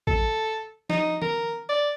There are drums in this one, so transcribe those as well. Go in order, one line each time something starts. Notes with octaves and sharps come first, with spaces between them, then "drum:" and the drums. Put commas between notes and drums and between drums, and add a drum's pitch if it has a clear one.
A4, drum: kick
D#4, drum: snare
A#4, drum: tom D#3
D5